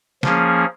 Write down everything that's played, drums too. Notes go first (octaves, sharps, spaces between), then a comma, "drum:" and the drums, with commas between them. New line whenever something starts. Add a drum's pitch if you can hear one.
F3 A#3 C#4 G#4, drum: snare